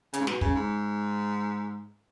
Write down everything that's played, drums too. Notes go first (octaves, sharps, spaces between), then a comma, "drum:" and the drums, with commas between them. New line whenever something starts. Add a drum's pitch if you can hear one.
C#3, drum: hi-hat
G#2
B2, drum: snare
C#3, drum: kick
G#2